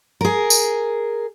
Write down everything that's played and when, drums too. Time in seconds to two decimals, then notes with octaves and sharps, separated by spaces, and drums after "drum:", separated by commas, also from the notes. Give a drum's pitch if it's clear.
0.21 G#4 A#4
0.50 drum: tambourine